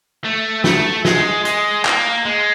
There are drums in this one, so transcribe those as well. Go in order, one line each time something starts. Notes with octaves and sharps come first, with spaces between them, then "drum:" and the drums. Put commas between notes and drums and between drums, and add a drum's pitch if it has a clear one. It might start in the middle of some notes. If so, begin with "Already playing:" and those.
A3
A3, drum: snare
G#3, drum: snare
G#3, drum: hi-hat
A#3, drum: clap
G#3